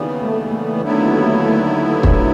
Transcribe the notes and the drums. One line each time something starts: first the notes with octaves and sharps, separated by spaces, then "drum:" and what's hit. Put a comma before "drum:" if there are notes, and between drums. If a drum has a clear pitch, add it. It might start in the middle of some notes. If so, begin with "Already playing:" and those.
Already playing: D#2 C#3 E3 G3 B3
A3
A3
D#2 D3 F#3 B3 E4
drum: kick